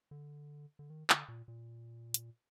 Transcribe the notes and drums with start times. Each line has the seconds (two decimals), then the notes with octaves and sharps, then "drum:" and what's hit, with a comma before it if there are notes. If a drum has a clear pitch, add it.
0.11 D3
0.79 D3
0.90 D#3
1.10 D3, drum: clap
1.28 A#2
1.48 A#2
2.14 drum: hi-hat